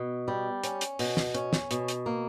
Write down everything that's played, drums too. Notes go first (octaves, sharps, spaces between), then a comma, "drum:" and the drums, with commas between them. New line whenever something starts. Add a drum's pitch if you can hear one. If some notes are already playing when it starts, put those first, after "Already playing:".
Already playing: B2
G3
C#4, drum: hi-hat
drum: hi-hat
B2, drum: open hi-hat
drum: snare
C#4, drum: hi-hat
drum: snare
B2, drum: hi-hat
drum: hi-hat
A#3